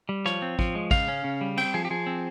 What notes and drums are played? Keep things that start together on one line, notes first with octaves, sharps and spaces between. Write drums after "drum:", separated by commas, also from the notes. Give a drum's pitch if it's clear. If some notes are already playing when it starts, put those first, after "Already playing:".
G3
F3 C#5, drum: rim click
C4
F3, drum: kick A1
G#3
C#3 F5, drum: kick A1, cymbal
C#4
C#3
G3
C4 G5, drum: cymbal
F3 G#4
G4
F3 G#4
C4